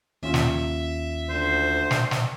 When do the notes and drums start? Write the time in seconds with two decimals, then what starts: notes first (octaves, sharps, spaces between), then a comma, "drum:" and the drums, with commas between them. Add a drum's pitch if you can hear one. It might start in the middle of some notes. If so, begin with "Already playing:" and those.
0.23 D#2 C#4 F4 E5
0.34 drum: snare
1.29 D2 C5
1.91 drum: snare
2.11 drum: snare